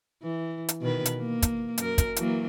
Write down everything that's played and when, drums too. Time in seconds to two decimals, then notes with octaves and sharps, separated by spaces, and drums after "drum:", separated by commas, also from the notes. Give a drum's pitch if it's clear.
0.23 E3
0.69 drum: hi-hat
0.81 B2 D#3 B4
1.05 drum: hi-hat
1.18 A#3
1.42 drum: kick, hi-hat
1.78 F#2 A#4, drum: hi-hat
1.98 drum: kick, hi-hat
2.16 E3 F#3 A#3, drum: hi-hat